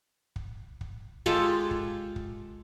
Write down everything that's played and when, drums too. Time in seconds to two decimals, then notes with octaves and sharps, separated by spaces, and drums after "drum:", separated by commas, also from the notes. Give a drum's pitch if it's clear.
0.36 drum: kick
0.81 drum: kick
1.26 G#3 F4 G4 A4, drum: kick
1.71 drum: kick
2.16 drum: kick